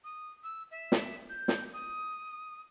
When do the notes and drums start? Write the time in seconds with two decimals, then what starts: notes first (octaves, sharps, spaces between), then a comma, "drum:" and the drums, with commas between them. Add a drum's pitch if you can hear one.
0.04 D#6
0.44 E6
0.71 E5
0.92 drum: snare
1.29 G6
1.48 drum: snare
1.74 D#6